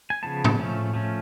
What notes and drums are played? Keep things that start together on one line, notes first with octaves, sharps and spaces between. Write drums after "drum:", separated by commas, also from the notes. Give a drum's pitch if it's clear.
G#5
C#3 F3 B3 A5
drum: tom A2
F3 A3 C#4
F3 A3 C#4